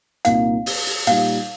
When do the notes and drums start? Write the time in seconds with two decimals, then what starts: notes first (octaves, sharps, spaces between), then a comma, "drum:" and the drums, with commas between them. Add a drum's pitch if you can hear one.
0.25 C2 A#2 A#3 D#4 F5, drum: hi-hat
0.66 drum: open hi-hat
0.87 drum: open hi-hat
1.07 A#2 G3 D#4 F5, drum: hi-hat